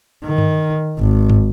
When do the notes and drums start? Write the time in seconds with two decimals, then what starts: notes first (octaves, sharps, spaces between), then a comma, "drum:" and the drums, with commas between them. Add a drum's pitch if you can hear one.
0.25 D#3
0.38 drum: tom G2
0.99 G#1
1.30 drum: tom